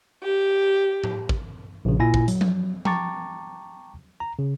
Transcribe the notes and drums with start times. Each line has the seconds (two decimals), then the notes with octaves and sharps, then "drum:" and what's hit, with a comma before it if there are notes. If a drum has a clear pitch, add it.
0.23 G4
1.04 drum: tom A2
1.29 drum: kick
1.85 A#1 C#3
1.99 A#2 E4 G#5 A#6
2.14 drum: kick
2.28 F#3, drum: hi-hat
2.41 drum: tom F3
2.85 G5 A5 A#5 C#6 D6 A6, drum: tom F3
4.20 A#5
4.39 C#3